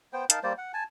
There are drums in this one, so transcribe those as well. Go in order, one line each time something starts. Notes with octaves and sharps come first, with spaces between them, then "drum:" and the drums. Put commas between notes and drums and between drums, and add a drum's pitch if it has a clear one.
B3 C5 G5
D#4 A#4 F5 A5, drum: hi-hat
G3 A#3 C5 D5
F#5
G#5 A5